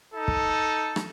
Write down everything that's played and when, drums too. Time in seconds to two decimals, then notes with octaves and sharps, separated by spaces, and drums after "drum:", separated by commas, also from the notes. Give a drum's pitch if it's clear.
0.14 D#4 A4
0.28 drum: kick
0.96 drum: rim click